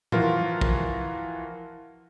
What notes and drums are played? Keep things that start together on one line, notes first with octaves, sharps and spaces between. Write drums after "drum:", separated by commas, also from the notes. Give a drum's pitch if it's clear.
E3 F3 F4 F#4 A#4, drum: tom A2
drum: kick